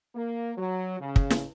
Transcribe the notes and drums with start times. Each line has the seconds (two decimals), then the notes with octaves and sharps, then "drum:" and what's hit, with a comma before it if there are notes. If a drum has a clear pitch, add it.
0.14 A#3
0.57 F#3
1.00 C#3
1.16 drum: kick
1.30 drum: snare